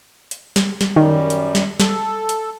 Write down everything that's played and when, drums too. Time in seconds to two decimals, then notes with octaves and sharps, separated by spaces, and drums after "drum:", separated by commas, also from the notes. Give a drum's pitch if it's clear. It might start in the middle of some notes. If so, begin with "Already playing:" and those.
0.31 drum: hi-hat
0.56 drum: snare
0.81 drum: snare
0.96 F#2 D#3 G3
1.30 drum: hi-hat
1.55 drum: snare
1.80 A4, drum: snare
2.29 drum: hi-hat